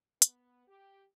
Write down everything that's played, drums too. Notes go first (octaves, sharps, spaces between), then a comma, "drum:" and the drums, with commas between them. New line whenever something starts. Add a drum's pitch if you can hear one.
B3, drum: hi-hat
G4